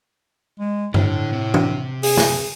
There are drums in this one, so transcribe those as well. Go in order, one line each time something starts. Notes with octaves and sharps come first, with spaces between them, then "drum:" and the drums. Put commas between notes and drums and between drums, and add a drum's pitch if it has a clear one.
G#3
A2 D3, drum: tom G2
C3
drum: tom
G#4, drum: open hi-hat
drum: snare